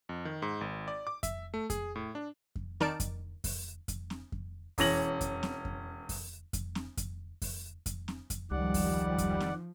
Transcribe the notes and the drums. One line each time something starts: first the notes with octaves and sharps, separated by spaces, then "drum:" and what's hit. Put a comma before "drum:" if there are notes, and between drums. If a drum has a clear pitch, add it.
F2
D#3
G#2
G#1
D5
D6
E5, drum: kick F2, hi-hat
A3
G#4, drum: kick F2, hi-hat
A2
D4
drum: kick F2
D#3 D#4 A#4 D5 A5 D7, drum: snare C4
drum: kick F2, hi-hat
drum: kick F2, open hi-hat
drum: kick F2, hi-hat
drum: snare C4
drum: kick F2
E1 E3 C#4 A#6 F#7, drum: kick F2, open hi-hat
drum: kick F2, hi-hat
drum: snare C4
drum: kick F2
drum: kick F2, open hi-hat
drum: kick F2, hi-hat
drum: snare C4
drum: kick F2, hi-hat
drum: kick F2, open hi-hat
drum: kick F2, hi-hat
drum: snare C4
drum: kick F2, hi-hat
C#2 D#3 F3 G3 D5 F#5
drum: kick F2, open hi-hat
drum: kick F2, hi-hat
drum: snare C4